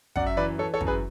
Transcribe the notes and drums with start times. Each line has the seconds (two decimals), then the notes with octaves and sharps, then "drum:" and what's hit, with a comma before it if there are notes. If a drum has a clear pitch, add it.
0.16 F#2 D5 F#5, drum: kick
0.26 E5
0.37 E3 B4 D5
0.58 E3 A4 C#5
0.74 A4 C#5
0.81 F#2, drum: kick
0.87 G#4 B4